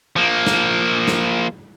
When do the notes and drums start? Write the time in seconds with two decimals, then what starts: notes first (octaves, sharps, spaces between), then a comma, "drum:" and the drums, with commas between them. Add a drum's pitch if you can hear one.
0.16 F3 A#3
0.46 drum: snare
1.08 drum: snare